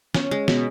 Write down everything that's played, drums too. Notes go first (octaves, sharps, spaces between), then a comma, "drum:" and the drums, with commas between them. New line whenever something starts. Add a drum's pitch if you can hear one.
C#4, drum: snare
G#3
B2, drum: snare